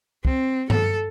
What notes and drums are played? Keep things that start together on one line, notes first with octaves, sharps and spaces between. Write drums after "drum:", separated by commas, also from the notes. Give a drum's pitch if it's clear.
C4, drum: kick
A4, drum: tom G2